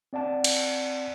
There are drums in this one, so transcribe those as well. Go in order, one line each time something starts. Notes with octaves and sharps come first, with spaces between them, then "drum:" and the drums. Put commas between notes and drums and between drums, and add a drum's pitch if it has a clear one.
C4 D5 F#5 A5
drum: cymbal